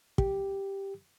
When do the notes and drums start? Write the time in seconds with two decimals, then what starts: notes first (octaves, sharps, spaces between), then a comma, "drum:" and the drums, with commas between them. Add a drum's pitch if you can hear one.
0.18 G4, drum: kick